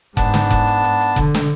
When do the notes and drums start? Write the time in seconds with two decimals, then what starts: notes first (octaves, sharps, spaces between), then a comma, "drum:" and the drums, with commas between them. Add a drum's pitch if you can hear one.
0.17 G#2 B3 D4 A5, drum: kick F1, hi-hat
0.34 drum: snare
0.50 drum: kick F1, hi-hat
0.67 drum: hi-hat
0.84 drum: hi-hat
1.01 drum: hi-hat
1.16 D3, drum: kick F1, hi-hat
1.35 drum: snare